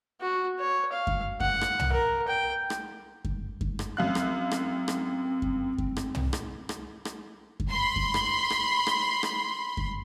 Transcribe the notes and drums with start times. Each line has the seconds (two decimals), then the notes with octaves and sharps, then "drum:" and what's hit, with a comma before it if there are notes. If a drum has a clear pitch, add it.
0.21 F#4
0.59 C#5
0.92 F5
1.07 drum: kick F#2
1.40 F#5, drum: kick F#2
1.61 drum: rim click
1.80 drum: tom
1.92 A#4
2.28 G5
2.70 drum: rim click
3.25 drum: kick F#2
3.61 drum: kick F#2
3.79 drum: rim click
3.97 F#2 C4 F5 F#6
4.15 drum: rim click
4.51 drum: rim click
4.88 drum: rim click
5.42 drum: kick F#2
5.78 drum: kick F#2
5.96 drum: rim click
6.15 drum: tom
6.33 drum: rim click
6.69 drum: rim click
7.05 drum: rim click
7.60 drum: kick F#2
7.70 B5 C6
7.96 drum: kick F#2
8.14 drum: rim click
8.50 drum: rim click
8.87 drum: rim click
9.23 drum: rim click
9.77 drum: kick F#2